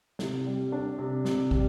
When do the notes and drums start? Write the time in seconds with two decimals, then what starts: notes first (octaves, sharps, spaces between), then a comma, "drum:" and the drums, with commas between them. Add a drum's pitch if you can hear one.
0.19 C3, drum: snare
0.46 G3
0.72 D4
0.99 C3
1.25 C3, drum: snare
1.51 G3, drum: kick